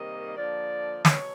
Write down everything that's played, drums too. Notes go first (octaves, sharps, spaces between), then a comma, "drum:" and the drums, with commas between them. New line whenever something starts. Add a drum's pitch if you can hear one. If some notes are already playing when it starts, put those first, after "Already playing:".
Already playing: C3 D#3 G3 A#3 D#5
D3 F3 A#3 D5
D5, drum: snare
B2 F#3 C#5